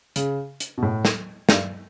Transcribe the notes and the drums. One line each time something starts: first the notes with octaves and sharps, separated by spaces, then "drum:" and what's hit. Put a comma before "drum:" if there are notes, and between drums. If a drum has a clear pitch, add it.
C#3, drum: hi-hat
drum: hi-hat
B2
A2
drum: snare
G2, drum: snare